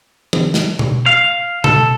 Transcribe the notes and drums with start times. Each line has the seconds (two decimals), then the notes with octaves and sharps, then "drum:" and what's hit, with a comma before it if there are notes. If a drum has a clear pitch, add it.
0.33 drum: tom E3
0.54 drum: snare
0.79 drum: tom B2
1.06 F5
1.64 A4, drum: tom B2